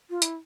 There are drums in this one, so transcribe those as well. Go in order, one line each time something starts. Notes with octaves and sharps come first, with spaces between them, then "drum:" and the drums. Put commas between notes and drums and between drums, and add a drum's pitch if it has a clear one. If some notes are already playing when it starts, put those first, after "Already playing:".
F4
E4, drum: hi-hat